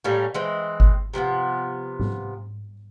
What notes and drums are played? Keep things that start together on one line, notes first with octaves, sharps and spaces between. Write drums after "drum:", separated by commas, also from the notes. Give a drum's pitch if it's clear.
A2 G3 A#3 C#4
E3 G#3 C4
drum: kick G1
C3 F3 A#3 B3
drum: tom G#2